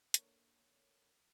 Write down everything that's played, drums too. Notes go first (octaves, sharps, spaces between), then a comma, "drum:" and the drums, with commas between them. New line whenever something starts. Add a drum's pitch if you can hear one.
A#3 D4 A4 A#4 C#5, drum: hi-hat